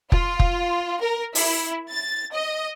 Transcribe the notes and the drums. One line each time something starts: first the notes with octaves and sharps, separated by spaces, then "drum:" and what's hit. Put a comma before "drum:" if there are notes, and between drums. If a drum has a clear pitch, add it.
F4, drum: kick F1
drum: kick F1
A#4
E4, drum: open hi-hat
A6
D#5